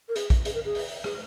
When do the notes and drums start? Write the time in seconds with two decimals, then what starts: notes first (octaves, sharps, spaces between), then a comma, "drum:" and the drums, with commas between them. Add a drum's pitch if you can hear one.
0.09 A#4
0.16 G#4, drum: hi-hat
0.30 drum: kick A#1, hi-hat
0.45 G#4, drum: hi-hat
0.55 A#4
0.65 G#4
0.75 drum: open hi-hat
1.04 G#4, drum: rim click